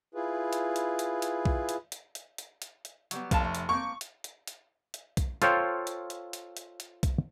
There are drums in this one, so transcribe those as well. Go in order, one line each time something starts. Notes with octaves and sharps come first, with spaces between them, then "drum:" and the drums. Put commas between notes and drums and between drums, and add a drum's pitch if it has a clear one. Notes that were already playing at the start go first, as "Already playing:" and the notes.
E4 F4 G#4 B4
drum: hi-hat
drum: hi-hat
drum: hi-hat
drum: hi-hat
drum: kick B1
drum: hi-hat
drum: hi-hat
drum: hi-hat
drum: hi-hat
drum: hi-hat
drum: hi-hat
F#3 G3 B3, drum: hi-hat
F1 B2 F5 A5, drum: kick B1, hi-hat
A3
drum: hi-hat
A#3 C4 C#6
drum: hi-hat
drum: hi-hat
drum: hi-hat
drum: hi-hat
drum: kick B1, hi-hat
F4 A4 C5 C#5 F5 G5, drum: hi-hat
drum: hi-hat
drum: hi-hat
drum: hi-hat
drum: hi-hat
drum: hi-hat
drum: kick B1, hi-hat